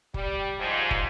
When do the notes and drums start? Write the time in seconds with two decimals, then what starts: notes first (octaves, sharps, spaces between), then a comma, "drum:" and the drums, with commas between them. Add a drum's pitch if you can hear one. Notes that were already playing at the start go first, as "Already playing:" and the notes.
0.14 G3, drum: kick
0.59 G#2 F3
0.91 drum: kick